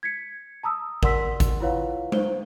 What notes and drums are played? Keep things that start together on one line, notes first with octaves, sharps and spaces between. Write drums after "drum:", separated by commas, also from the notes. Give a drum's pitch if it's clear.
G#6 B6 C#7
A5 A#5 D#6 E6
A#4 D5 F#5 C6 E6 B6, drum: kick
drum: kick, hi-hat
E4 F4 B4 C#5 F5 F#5
C5 G7, drum: tom G#3